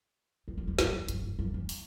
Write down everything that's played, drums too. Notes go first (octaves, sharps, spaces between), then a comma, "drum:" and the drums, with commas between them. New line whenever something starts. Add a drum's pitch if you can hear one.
E2
F#2
E2
F#2, drum: snare
E2
F#2, drum: hi-hat
G#2
F#2
E2
drum: open hi-hat